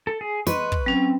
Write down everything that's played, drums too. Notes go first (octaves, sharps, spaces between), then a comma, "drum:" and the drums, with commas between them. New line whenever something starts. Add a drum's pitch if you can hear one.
A4
G#4
B4 D#5 C6 C#6 F#6, drum: snare
drum: kick
F#3 C4 C#4